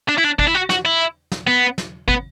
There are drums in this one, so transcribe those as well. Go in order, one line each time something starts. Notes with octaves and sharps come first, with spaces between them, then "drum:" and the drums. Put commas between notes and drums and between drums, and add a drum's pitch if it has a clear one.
D4
E4
D4
D4, drum: kick
E4
F#4
F#4, drum: snare
E4
drum: snare
B3
drum: snare
B3, drum: kick